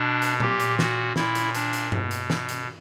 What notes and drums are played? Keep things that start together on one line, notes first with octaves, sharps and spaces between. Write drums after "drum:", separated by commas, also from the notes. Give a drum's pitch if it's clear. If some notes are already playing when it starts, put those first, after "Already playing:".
Already playing: B2 D4
drum: hi-hat
A#2 G4, drum: tom A#2
drum: hi-hat
F#4, drum: snare
A#2 E4, drum: snare
drum: hi-hat
D4, drum: hi-hat
drum: hi-hat
B2, drum: tom G2
drum: hi-hat
drum: snare
drum: hi-hat